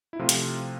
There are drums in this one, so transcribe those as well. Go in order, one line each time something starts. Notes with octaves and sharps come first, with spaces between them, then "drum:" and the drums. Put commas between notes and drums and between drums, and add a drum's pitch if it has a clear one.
E4
C3 F3 A3 F4
drum: hi-hat